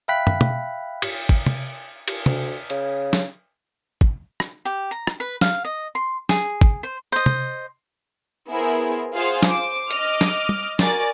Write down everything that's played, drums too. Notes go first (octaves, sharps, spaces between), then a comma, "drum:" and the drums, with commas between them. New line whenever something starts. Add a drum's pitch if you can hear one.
E5 F5 G5 B5 F#6 B6
drum: tom
drum: tom
drum: cymbal
drum: kick
drum: tom
drum: cymbal
D2, drum: tom
C#3, drum: hi-hat
drum: snare
drum: kick
drum: rim click
G4
A#5
drum: rim click
B4
F5, drum: snare
D#5
C6
G#4, drum: snare
drum: kick
C5
C5 D#5
drum: tom
B3 E4 G#4 A#4 C5
F4 G#4 C5 F5 F#5
C5 D6, drum: snare
D#5 D6 F6, drum: hi-hat
drum: snare
drum: tom
F#4 A#4 D5 G#5 A6, drum: snare